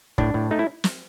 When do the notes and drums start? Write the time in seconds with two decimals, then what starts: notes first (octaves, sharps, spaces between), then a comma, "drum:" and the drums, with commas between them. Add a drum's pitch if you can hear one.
0.18 A2 D4, drum: kick
0.34 A2
0.51 A3 D#4
0.59 E4
0.84 drum: snare